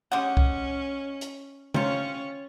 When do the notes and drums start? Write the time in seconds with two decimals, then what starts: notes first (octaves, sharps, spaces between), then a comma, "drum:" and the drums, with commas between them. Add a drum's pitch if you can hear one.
0.12 G#3 C#4 G4 F#5
0.37 drum: kick C2
1.21 drum: hi-hat
1.74 C3 C#4 F4 C#5, drum: tom C#3